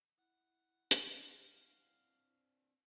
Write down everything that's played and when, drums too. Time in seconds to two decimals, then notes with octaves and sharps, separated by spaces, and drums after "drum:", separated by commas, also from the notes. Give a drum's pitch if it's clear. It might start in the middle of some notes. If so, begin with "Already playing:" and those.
0.18 E4 F#5
0.91 drum: hi-hat
1.28 C4 D4 F5